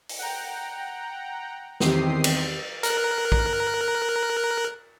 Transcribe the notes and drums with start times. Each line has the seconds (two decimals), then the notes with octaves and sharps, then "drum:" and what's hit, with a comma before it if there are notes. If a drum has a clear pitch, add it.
0.09 drum: open hi-hat
0.19 F#5 G5 A#5
1.80 E2 D#3 C4 G4 D#6 C7, drum: snare
2.24 drum: cymbal
2.83 A#4 F#6, drum: hi-hat
3.32 drum: kick